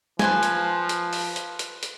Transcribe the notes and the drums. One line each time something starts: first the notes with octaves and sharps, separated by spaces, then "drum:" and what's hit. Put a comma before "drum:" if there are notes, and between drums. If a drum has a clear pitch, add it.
F3 B4 C5 G#5, drum: snare
drum: hi-hat
drum: hi-hat
drum: open hi-hat
drum: hi-hat
drum: hi-hat
drum: hi-hat